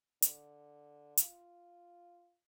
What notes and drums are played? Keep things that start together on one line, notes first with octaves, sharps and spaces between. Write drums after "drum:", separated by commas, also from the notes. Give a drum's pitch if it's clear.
D3, drum: hi-hat
F4, drum: hi-hat